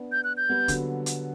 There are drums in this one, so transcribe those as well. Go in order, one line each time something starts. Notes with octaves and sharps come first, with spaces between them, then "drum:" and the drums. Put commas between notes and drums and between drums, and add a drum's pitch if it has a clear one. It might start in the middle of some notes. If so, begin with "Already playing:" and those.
Already playing: B3 D4
G6
F#6
G6
G3 B3
D3 F#3, drum: kick, hi-hat
drum: hi-hat